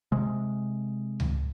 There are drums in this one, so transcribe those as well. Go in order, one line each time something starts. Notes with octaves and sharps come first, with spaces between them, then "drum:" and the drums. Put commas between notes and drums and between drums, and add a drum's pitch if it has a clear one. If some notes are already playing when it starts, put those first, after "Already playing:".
C3 G#3
drum: tom C#2